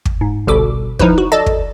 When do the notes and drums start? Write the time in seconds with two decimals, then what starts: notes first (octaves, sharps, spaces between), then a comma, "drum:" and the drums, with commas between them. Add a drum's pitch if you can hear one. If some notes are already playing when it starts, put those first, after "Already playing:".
0.05 drum: kick
0.21 G#2
0.47 G1 C2 B2 A4 D6
0.99 F3 D#4 E4 B4, drum: kick
1.18 F#4
1.32 A4 D5 D#5 A5
1.46 drum: kick